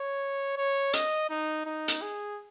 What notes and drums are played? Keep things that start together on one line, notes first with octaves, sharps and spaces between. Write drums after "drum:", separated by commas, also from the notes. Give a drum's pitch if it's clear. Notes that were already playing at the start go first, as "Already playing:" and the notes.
Already playing: C#5
C#5
D#5, drum: hi-hat
D#4
D#4
drum: hi-hat
G#4